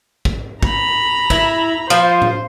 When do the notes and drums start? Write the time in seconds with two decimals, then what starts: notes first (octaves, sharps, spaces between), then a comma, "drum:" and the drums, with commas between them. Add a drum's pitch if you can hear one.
0.25 drum: kick
0.63 A#5 B5, drum: kick
1.30 E4, drum: kick
1.90 F3 C5
2.22 drum: tom A2